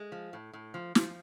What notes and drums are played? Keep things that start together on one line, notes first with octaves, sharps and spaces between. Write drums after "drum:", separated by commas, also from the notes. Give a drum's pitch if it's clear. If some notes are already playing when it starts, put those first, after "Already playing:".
Already playing: G#3
F3
A2
A2
F3
F3, drum: snare